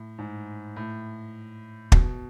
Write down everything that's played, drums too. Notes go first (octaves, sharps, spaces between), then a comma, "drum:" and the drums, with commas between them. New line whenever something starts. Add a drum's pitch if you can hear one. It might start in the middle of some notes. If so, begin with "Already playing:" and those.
Already playing: A2
G#2
A2
B2, drum: kick